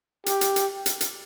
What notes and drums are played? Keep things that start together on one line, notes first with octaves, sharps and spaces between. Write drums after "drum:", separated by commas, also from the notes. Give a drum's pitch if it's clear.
G4, drum: hi-hat
drum: hi-hat
drum: hi-hat
drum: hi-hat
drum: hi-hat